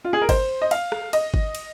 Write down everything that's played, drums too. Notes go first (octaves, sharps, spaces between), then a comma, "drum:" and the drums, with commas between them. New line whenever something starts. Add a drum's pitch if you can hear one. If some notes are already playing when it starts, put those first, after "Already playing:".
F4
G#4
A#4
C5, drum: kick G#1, cymbal
D#5
F5, drum: cymbal
drum: rim click
D#5, drum: cymbal
drum: kick G#1
drum: cymbal